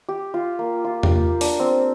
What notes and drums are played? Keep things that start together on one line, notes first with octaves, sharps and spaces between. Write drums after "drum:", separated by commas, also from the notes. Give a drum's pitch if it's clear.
G4
F4
A#3
F4
G4, drum: tom E2
D4, drum: open hi-hat
C4